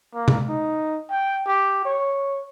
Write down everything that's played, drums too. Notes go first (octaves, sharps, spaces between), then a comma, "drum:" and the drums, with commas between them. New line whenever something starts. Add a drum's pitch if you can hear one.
A#3
drum: tom C3
D#4
G5
G4
C#5